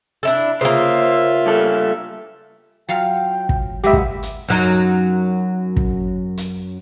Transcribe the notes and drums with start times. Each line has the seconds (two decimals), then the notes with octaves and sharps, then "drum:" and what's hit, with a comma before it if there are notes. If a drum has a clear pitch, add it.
0.23 D4 E4 A4
0.61 C#3 A#3 F4 C5 E5
1.46 G2 A4
2.89 F#3 F4 F5 G5
3.49 drum: kick
3.84 F#3 G#3 A#3 B3 G4 E5
3.93 drum: kick
4.23 drum: hi-hat
4.48 F#2 F#3 D#4
5.77 drum: kick
6.38 drum: hi-hat